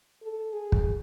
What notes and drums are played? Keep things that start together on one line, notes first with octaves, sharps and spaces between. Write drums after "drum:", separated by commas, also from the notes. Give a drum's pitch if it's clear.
A4
G#4
drum: kick